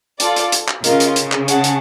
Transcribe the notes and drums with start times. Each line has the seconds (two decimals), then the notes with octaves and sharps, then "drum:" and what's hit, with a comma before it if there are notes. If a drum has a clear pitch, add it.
0.20 F4 A4 D5, drum: hi-hat
0.36 drum: hi-hat
0.52 drum: hi-hat
0.68 drum: clap
0.84 C#3 F4 A#4 D#5, drum: hi-hat
1.00 drum: hi-hat
1.16 drum: hi-hat
1.32 drum: clap
1.48 G#4 C#5 F#5 A5, drum: hi-hat
1.64 drum: hi-hat